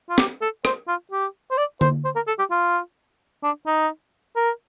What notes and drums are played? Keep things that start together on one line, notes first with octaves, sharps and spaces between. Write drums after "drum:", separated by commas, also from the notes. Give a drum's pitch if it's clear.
F4
G4, drum: snare
A4
C5, drum: rim click
F4
G4
C5
D5
C5, drum: tom D3
C5
A#4
A4
G4
F4
D4
D#4
A#4